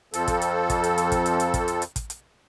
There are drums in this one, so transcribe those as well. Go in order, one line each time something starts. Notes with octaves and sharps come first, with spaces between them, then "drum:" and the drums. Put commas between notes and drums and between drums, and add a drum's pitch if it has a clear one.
F2 F3 A4, drum: hi-hat
drum: kick, hi-hat
drum: hi-hat
drum: kick, hi-hat
drum: hi-hat
drum: hi-hat
drum: kick, hi-hat
drum: hi-hat
drum: hi-hat
drum: kick, hi-hat
drum: hi-hat
drum: hi-hat
drum: kick, hi-hat
drum: hi-hat